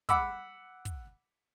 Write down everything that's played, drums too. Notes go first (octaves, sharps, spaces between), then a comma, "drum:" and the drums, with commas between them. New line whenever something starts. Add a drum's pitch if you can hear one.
F#5 B5 D6 E6, drum: kick, hi-hat
drum: kick, hi-hat